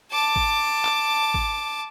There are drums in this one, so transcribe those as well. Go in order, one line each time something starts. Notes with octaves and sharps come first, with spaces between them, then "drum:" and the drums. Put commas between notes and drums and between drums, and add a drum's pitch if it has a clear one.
A5 D6
drum: kick
drum: clap
drum: kick